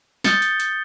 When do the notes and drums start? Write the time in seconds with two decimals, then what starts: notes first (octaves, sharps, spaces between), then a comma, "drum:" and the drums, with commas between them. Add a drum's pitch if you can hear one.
0.24 D#6 G6 A6 C#7 G7, drum: snare
0.42 drum: hi-hat
0.60 drum: hi-hat